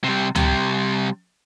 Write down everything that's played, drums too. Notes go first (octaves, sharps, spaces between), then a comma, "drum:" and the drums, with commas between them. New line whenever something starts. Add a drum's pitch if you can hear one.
C3 G3
C3 G3, drum: tom C#2